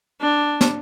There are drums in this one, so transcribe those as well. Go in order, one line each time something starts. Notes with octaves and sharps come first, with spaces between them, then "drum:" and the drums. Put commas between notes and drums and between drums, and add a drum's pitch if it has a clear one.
D4
drum: snare